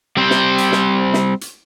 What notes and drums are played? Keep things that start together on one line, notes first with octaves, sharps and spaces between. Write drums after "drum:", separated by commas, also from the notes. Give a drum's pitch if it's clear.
G3 C4 C5
drum: snare
drum: hi-hat
drum: snare
drum: snare
drum: hi-hat